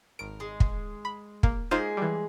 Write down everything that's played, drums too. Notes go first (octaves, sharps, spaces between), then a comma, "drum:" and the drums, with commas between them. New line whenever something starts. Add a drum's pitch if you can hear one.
G#1 A#4 D7
G#3
drum: kick
B5
A#3, drum: kick
G#3 A#3 D#4 F4 G#4 C5
E3 G3